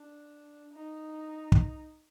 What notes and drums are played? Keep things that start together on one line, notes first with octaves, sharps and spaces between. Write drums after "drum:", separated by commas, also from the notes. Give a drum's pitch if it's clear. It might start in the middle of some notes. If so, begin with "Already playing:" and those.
Already playing: D4
D#4
drum: kick